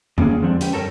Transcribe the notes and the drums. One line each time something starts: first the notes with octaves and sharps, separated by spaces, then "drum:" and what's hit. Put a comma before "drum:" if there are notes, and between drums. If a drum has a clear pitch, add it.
D#3 A#3 C#4 G#4, drum: tom
D3 F3 G#3 C4 D4
C#4 G4 B4 G5, drum: hi-hat
F#2 G3 A4 A#4 C#5 A5